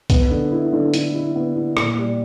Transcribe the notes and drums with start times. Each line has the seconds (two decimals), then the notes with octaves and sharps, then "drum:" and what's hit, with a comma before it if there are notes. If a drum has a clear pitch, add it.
0.10 B3, drum: kick B1, hi-hat
0.30 D3
0.52 E4
0.72 D3
0.94 D3, drum: hi-hat
1.14 E4
1.35 B3
1.56 E4
1.77 A#2, drum: rim click
1.98 G3